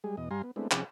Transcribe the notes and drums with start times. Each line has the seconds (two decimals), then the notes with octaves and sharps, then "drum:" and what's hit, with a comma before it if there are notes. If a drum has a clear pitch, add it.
0.04 G3 G#3 G#4
0.17 E2 B2 D#5
0.31 G2 G3 F5 G#5 A#5 C6
0.44 B3
0.56 G#3 A3 B3 C4 D4 E4
0.71 C3 F3 C#4 G#4, drum: clap